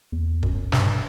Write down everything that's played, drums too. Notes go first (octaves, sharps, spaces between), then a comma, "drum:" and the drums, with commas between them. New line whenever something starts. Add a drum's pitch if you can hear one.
E2
F#2, drum: kick
G2, drum: snare